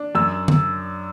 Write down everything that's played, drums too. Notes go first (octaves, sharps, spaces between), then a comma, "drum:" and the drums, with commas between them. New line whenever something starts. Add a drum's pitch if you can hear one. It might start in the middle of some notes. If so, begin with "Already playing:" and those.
Already playing: D4
F#2 E6
drum: tom D3